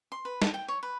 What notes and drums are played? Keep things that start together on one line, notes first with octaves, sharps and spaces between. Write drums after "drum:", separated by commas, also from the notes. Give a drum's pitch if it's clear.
C6
B4
A4, drum: snare
G5
C#5
B4